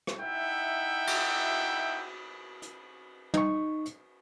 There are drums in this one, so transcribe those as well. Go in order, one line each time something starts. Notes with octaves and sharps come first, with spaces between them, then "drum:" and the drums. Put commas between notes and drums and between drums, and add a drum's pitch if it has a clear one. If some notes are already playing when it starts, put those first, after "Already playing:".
drum: rim click
D#4 E4 E5 F#5 G5
drum: cymbal
drum: hi-hat
D#4 C#6, drum: tom
drum: hi-hat